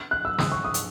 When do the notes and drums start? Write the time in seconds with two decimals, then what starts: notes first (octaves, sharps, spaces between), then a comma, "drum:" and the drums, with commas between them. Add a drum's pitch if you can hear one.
0.11 F#6
0.25 E6
0.38 D#6, drum: snare
0.52 C#6
0.64 D#6
0.74 drum: hi-hat